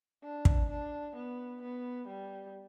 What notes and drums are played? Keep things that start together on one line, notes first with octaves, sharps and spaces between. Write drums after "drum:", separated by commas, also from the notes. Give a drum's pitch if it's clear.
D4
drum: kick
D4
B3
B3
G3